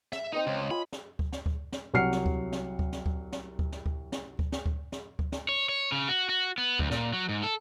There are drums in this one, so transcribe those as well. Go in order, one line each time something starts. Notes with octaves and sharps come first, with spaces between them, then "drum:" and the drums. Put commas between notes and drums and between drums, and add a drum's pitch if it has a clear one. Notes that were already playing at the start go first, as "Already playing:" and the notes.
E5, drum: snare
C4 D#4 D#5 C#6
C#2 C#5
F4 G#5 B5
drum: snare
drum: kick D2
drum: snare
drum: kick D2
drum: snare
C2 F#3 F#5 F6 C7 C#7
drum: snare
drum: kick D2
drum: snare
drum: kick D2
drum: snare
drum: kick D2
drum: snare
drum: kick D2
drum: snare
drum: kick D2
drum: snare
drum: kick D2
drum: snare
drum: kick D2
drum: snare
drum: kick D2
drum: snare
C#5
C#5
C#3
F#4
F#4
B3
D2, drum: kick D2
A#2, drum: snare
F#3
G#2
A4